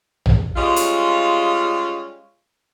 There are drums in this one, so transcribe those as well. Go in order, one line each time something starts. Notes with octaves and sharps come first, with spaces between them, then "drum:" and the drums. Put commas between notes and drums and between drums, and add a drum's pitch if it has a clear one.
drum: tom A#1
G3 G#3 C#4 F4
drum: hi-hat